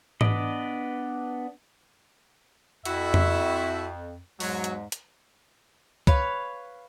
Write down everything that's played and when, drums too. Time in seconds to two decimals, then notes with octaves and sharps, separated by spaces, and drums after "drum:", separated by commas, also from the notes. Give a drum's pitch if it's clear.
0.21 B3 D4 B4 D5 D#5, drum: tom G#2
2.85 F2 E4 F#4 E5, drum: hi-hat
3.14 drum: tom F2
4.40 E2 G#2 F#3 G#3, drum: open hi-hat
4.64 drum: hi-hat
4.92 drum: hi-hat
6.07 B4 C#5 F5, drum: kick C#2